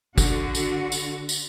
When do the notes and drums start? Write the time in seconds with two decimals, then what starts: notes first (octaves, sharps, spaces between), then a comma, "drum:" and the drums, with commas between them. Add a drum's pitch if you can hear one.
0.18 D3 F#4, drum: kick, tambourine
0.55 drum: tambourine
0.92 drum: tambourine
1.29 drum: tambourine